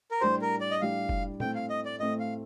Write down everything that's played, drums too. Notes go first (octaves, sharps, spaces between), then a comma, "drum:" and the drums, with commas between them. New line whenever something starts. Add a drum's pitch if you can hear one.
A#4
A2 G3 D4 G4 C5
A#4
D5
D#5
A2 G3 D4 G4 F5
drum: kick F1
A2 A3 C4 G5, drum: tom
F5
D#5
D5
A2 A3 C4 D#5
F5